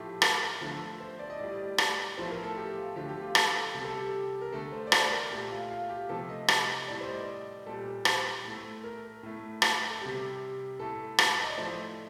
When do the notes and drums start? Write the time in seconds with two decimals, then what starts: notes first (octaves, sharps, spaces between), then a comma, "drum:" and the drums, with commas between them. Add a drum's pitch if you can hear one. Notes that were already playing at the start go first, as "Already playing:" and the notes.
Already playing: A2 F3 A3 G4
0.22 A#4, drum: rim click
0.61 D3 F3 A3
1.00 C5
1.19 D5
1.30 D#5
1.39 A2 G3 D5
1.78 drum: rim click
2.17 A2 F3 A3 C5
2.31 A#4
2.43 A4
2.57 G4
2.76 F4
2.96 D3 F3 A3 G4
3.09 G4
3.22 F4
3.35 A4, drum: rim click
3.74 C3 G3 G4
3.84 A4
3.95 G4
4.41 A#4
4.52 D3 A3 A4
4.72 C5
4.87 D5
4.92 C5, drum: rim click
5.11 A#4
5.31 A#2 A3 G4
5.51 F4
5.70 F4
5.90 G4
6.09 C3 F3 A3 A4
6.29 D#5
6.48 drum: rim click
6.88 A2 G3 D5
7.01 C5
7.08 D#5
7.13 D5
7.66 A#2 G3 A4
8.05 C5, drum: rim click
8.44 A2 A3
8.84 A#4
9.23 A2 A3
9.62 drum: rim click
9.90 A4
10.01 C3 G3 G4
10.79 A2 A3 A4
11.18 drum: rim click
11.42 D#5
11.50 D5
11.57 A2 F3 A3 C5